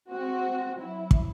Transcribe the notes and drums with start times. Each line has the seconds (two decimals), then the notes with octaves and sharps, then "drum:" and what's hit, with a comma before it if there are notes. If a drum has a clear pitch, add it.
0.11 G#3 C4 F#4
0.81 F#3 E4
1.11 drum: kick